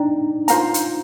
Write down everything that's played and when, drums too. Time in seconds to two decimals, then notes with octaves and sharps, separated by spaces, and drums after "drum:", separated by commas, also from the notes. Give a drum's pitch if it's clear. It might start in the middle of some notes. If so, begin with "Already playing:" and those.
Already playing: D4 D#4 D5 G5 A#5
0.48 F4 C5 F5 A#5, drum: hi-hat
0.74 drum: hi-hat